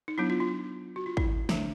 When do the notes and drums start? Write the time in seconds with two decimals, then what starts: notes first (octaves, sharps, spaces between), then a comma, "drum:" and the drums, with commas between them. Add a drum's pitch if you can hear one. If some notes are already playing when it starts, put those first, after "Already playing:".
0.08 D#4
0.18 F#3 B3 D4 E4
0.30 F4
0.40 F4
0.96 F#4
1.06 F4
1.17 E4, drum: kick
1.49 D3 F#3 A3 D4, drum: snare